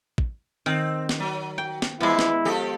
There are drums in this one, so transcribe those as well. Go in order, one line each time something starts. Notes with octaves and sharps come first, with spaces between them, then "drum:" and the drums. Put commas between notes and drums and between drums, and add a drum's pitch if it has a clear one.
drum: kick
D#3 C4
drum: snare
F#3
G5
drum: snare
E3 F3 G#3 B3 E4
drum: snare
F3 G4 A4